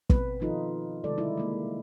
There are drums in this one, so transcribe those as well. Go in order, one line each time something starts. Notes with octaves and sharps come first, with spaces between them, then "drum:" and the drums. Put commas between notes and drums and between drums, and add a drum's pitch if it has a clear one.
B2 B3 C4 B4, drum: kick
D#3 F3 D#4 F4 A4
C3 D#3 G#3 A3 A4 D5
D3 G3 D#4 E4
G#3 A#3